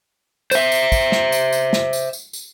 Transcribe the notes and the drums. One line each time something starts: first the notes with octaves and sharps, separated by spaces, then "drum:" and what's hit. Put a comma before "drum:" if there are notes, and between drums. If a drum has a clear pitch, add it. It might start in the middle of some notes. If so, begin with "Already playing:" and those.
C5 E5, drum: tambourine
drum: tambourine
drum: kick, tambourine
drum: snare
drum: tambourine
drum: tambourine
drum: snare
drum: tambourine
drum: tambourine
drum: tambourine